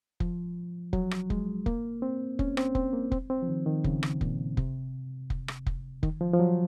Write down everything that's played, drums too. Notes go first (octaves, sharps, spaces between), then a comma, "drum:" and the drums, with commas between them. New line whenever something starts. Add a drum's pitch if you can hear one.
F3, drum: kick F1
F#3, drum: kick F1
drum: rim click
G#3, drum: kick F1
A#3, drum: kick F1
C4
C#4, drum: kick F1
C4, drum: rim click
C4, drum: kick F1
A#3
C4, drum: kick F1
C4
F3
D#3
D#3
C#3, drum: kick F1
drum: rim click
A#2, drum: kick F1
C3, drum: kick F1
drum: kick F1
drum: rim click
drum: kick F1
D#3, drum: kick F1
F3
F3
F#3